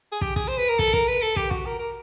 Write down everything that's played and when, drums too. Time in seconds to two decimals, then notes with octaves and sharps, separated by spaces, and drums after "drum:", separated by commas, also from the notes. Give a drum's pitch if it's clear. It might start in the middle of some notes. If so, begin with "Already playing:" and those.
0.12 G#4
0.21 G4, drum: kick
0.36 G#4, drum: kick
0.48 C5
0.58 B4
0.69 A#4
0.79 A4, drum: kick
0.94 A#4, drum: kick
1.08 B4
1.22 A4
1.36 G4, drum: kick
1.51 F#4, drum: kick
1.66 A#4
1.79 A#4